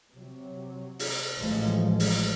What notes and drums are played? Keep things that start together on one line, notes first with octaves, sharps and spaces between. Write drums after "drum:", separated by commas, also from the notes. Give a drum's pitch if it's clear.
C3 F#3
drum: open hi-hat
A1 F3 F#3 G#3 A3
drum: open hi-hat